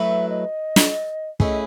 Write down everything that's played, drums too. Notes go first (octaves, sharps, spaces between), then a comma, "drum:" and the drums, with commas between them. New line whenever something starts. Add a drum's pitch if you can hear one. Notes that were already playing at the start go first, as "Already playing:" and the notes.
Already playing: F#3 A3 E4 B4 E5
D#5
drum: snare
A3 C#4 E4 G#4 B4 D#5, drum: kick